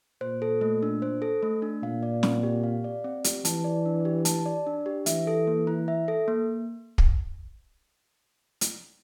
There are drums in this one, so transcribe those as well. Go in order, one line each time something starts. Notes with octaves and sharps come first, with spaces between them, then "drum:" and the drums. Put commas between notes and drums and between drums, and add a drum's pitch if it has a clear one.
A#2 C5
A4
A3
D4
C5
A4
A3
D4
A#2 F5
D5
C4, drum: snare
G4
F5
D5
C4
G4, drum: hi-hat
E3 A5, drum: hi-hat
D5
D4
G4
A5, drum: hi-hat
D5
D4
G4
E3 E5, drum: hi-hat
A4
A#3
E4
E5
A4
A#3
drum: kick
drum: hi-hat